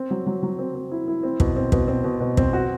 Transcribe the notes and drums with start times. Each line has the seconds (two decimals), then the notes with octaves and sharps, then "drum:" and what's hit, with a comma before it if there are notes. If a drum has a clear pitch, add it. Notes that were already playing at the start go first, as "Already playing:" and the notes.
Already playing: C4
0.11 F#3
0.27 F#3
0.43 F#3
0.59 C4
0.75 C4
0.91 E4
1.08 E4
1.23 C4
1.40 B2, drum: kick
1.56 C4
1.72 B2, drum: kick
1.88 C4
2.04 B2
2.20 B2
2.37 C4, drum: kick
2.53 F#4